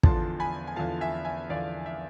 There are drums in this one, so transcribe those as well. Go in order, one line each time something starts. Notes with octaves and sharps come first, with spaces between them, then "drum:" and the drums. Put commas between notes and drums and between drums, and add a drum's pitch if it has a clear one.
E2 D3 F3 A5 C6, drum: kick
G#5 B5
G#5
E2 D3 F3 F5 A5
E5 G#5
E5 G#5
E2 D3 F3 D5 F5
E5